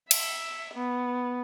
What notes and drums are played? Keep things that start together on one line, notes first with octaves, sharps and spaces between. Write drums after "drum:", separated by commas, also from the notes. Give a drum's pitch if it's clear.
E5, drum: cymbal
B3